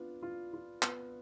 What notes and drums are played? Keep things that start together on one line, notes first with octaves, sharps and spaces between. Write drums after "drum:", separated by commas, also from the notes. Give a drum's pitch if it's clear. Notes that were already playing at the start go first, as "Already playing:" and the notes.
Already playing: B3 D4 F4
F4
F4
B3, drum: clap